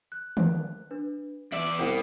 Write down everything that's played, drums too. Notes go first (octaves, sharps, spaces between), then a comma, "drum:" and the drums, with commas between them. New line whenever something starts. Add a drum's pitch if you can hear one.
F#6
drum: tom
D4 B4
E2 D5 E5 F#7
C2 B2 G5